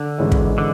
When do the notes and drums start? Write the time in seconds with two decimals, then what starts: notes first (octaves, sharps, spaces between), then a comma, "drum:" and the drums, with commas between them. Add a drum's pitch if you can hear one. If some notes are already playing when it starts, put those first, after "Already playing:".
Already playing: D3
0.18 G#1 G#2 E3 G#3 C#4
0.32 drum: kick
0.58 D3